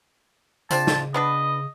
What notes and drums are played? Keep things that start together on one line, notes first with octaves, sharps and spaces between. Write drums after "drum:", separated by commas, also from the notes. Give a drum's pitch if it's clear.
C#3 F3 C4 D4 A5, drum: tambourine
drum: snare
B3 D4 B4 D#5